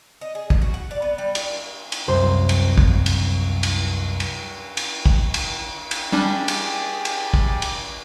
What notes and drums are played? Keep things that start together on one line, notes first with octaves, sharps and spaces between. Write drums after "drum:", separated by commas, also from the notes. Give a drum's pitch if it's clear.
D#5
G#4
B2, drum: kick
F#4
F#5
D5
B3
G3
G4, drum: cymbal
drum: cymbal
C2 F#2 C5
drum: cymbal
drum: kick
drum: cymbal
drum: cymbal
drum: cymbal
drum: cymbal
drum: kick
drum: cymbal
drum: cymbal
G3 C#4 D4 G4 G#4 D5
drum: cymbal
drum: cymbal
drum: kick
drum: cymbal